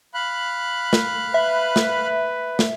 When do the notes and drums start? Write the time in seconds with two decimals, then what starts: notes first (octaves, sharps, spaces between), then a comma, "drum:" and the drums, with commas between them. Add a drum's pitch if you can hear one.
0.14 F5 B5 F#6
0.93 drum: snare
1.34 B4 E5
1.76 drum: snare
2.59 drum: snare